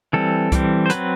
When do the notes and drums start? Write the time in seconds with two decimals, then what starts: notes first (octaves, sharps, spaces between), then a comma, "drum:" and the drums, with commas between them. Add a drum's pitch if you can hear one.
0.13 E3 G3 C4 A4
0.52 E3 G3 C4, drum: kick C2, hi-hat
0.86 C5
0.90 F#3 C4 B4, drum: hi-hat